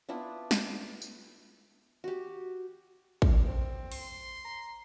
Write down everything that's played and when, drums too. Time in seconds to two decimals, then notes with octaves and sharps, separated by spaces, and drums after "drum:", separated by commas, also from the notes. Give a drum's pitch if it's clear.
0.09 B3 D4 E4 F4
0.51 drum: snare
1.02 drum: tambourine
2.04 F#4 G4
3.22 drum: kick
3.46 C4
3.92 C6, drum: open hi-hat
4.45 A#5